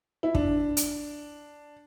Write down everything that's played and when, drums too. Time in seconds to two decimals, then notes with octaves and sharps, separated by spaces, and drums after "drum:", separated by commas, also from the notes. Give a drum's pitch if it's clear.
0.23 E4
0.35 D4, drum: kick
0.77 drum: hi-hat